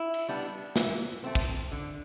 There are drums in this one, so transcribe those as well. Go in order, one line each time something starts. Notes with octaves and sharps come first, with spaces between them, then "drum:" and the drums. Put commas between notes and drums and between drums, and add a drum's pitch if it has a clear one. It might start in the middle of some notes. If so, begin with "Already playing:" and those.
Already playing: E4
drum: cymbal
G3 B3 D4
E3, drum: snare
A3 C4
drum: kick
D3